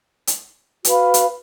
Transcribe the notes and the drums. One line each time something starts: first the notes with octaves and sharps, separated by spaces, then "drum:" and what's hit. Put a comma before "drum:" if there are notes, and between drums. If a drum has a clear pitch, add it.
drum: hi-hat
F#4 B4 F5 B5, drum: hi-hat
drum: hi-hat